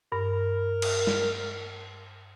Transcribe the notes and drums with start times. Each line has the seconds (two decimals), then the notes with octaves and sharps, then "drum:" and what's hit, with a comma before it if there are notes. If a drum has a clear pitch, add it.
0.12 G2 A#4
0.82 drum: cymbal
1.07 drum: snare